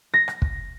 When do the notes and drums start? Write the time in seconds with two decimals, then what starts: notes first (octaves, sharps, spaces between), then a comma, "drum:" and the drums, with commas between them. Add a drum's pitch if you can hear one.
0.14 A#6
0.28 drum: rim click
0.42 drum: kick